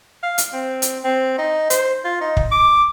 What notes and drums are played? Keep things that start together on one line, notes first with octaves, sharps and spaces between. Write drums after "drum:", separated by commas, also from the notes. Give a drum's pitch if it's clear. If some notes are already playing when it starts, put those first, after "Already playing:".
F5
drum: hi-hat
C4
drum: hi-hat
C4
D#4
C5, drum: hi-hat
F4
D#4
drum: kick
D6